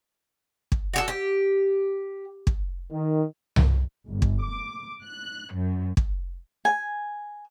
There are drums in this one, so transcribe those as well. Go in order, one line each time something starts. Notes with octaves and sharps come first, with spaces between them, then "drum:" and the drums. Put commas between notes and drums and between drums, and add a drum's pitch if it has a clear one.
drum: kick
F#4 G4 A4
G4
drum: kick
D#3
drum: tom C2
G1
drum: kick
D6
F#6
F#2
drum: kick
G#5